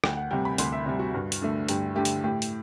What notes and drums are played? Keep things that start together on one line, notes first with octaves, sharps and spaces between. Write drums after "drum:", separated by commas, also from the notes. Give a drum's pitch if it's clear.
D2 G5, drum: rim click
F#5
C3 G3 G5
B5
D2 C6, drum: hi-hat
E5
C3 G3
F#4
G2
drum: hi-hat
D3 A3
G2 G4, drum: hi-hat
D3 A3 G4
drum: hi-hat
A2 G4
drum: hi-hat